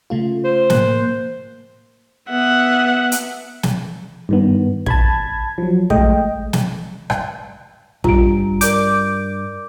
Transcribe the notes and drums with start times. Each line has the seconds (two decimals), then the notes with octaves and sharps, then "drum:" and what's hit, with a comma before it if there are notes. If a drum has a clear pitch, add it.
0.10 C#3 A3 F4
0.45 C5
0.70 A2 A#3 F#6, drum: snare
2.30 B3 E5 F#5
3.12 drum: hi-hat
3.63 drum: snare
4.29 G2 D#3 B3
4.86 A5 B5 G#6, drum: kick
5.58 F3 F#3
5.90 G#3 A3 D#5 G5, drum: kick
6.53 drum: snare
7.10 drum: rim click
8.04 G2 G3 F4 A#5 D7, drum: kick
8.61 A#4 D5 D6 G6, drum: hi-hat